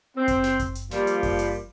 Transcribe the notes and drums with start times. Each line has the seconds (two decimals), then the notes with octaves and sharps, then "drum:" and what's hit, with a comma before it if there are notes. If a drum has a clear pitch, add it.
0.16 C4
0.28 drum: kick F#1, hi-hat
0.44 drum: snare
0.59 drum: kick F#1, hi-hat
0.75 drum: hi-hat
0.91 F3 G3 A#3, drum: snare
1.07 drum: hi-hat
1.23 drum: kick F#1, open hi-hat
1.39 drum: hi-hat